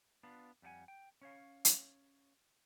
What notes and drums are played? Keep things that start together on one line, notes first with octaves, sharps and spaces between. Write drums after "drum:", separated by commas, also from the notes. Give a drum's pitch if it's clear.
B3 D4 F4
F2 G3 D4 F#5 G#5
G5
C#4 C#5 F5
drum: hi-hat